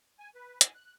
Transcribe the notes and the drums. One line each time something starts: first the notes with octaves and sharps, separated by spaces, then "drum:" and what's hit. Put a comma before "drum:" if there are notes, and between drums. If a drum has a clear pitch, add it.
G#5
B4
G#5, drum: hi-hat
F#6